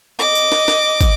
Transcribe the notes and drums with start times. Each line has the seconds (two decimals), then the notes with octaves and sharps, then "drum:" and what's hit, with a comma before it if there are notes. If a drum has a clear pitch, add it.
0.19 D#5 D6
0.35 drum: tambourine
0.52 drum: snare
0.68 drum: snare
1.01 drum: kick, tambourine